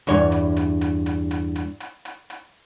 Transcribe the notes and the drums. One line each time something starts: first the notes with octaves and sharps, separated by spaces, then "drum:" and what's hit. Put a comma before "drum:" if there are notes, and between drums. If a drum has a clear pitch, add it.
E2 G2 C#5, drum: hi-hat
drum: hi-hat
drum: hi-hat
drum: hi-hat
drum: hi-hat
drum: hi-hat
drum: hi-hat
drum: hi-hat
drum: hi-hat
drum: hi-hat